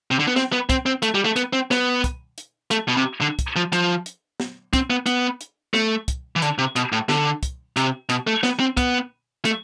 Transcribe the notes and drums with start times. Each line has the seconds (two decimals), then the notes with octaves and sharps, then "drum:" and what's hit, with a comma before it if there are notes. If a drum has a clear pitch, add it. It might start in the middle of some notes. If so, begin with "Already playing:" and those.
0.11 C3
0.19 D3
0.27 B3
0.36 C4, drum: snare
0.52 B3
0.70 C4, drum: kick, hi-hat
0.86 C4
1.02 A3, drum: hi-hat
1.15 G3
1.25 A3
1.36 B3, drum: hi-hat
1.53 C4
1.71 B3, drum: snare
2.04 drum: kick, hi-hat
2.38 drum: hi-hat
2.71 A3, drum: hi-hat
2.88 B2
2.97 C3
3.21 D3
3.39 drum: kick, hi-hat
3.56 F3
3.73 F3, drum: hi-hat
4.06 drum: hi-hat
4.40 drum: snare
4.73 C4, drum: kick, hi-hat
4.90 B3
5.06 B3, drum: hi-hat
5.41 drum: hi-hat
5.74 A3, drum: snare
6.08 drum: kick, hi-hat
6.36 E3
6.42 D3, drum: hi-hat
6.58 C3
6.76 B2, drum: hi-hat
6.92 A2
7.09 D3, drum: snare
7.43 drum: kick, hi-hat
7.77 C3, drum: hi-hat
8.09 B2, drum: hi-hat
8.27 A3
8.43 B3, drum: snare
8.60 C4
8.77 B3, drum: kick, hi-hat
9.45 A3, drum: hi-hat